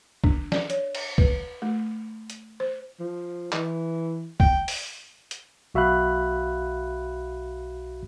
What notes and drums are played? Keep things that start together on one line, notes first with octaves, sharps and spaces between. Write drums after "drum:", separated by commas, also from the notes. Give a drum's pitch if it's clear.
D4, drum: kick C2
D5, drum: snare
C#5, drum: hi-hat
drum: cymbal
B4, drum: kick C2
A3
drum: hi-hat
C5
F3
E3, drum: clap
G5, drum: kick C2
drum: open hi-hat
drum: hi-hat
B1 F#4 E5 F5 B5 F#6